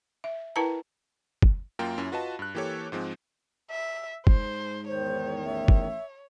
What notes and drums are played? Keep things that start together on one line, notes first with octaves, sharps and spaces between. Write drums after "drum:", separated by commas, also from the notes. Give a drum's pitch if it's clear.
E5
E4 A#4 B4 G5 A5 A#5
drum: kick
F#2 A#3 F4 A#4 G5
F#2 C#4 E4
F4 F#4 B4 D#5 A5
G2 F#6
E3 A#3 G4 A4 C#5
G#2 F3 G#3 C4
E5
G#2 C5, drum: kick
E2 D#3 C5 C#5
A1 E5
drum: kick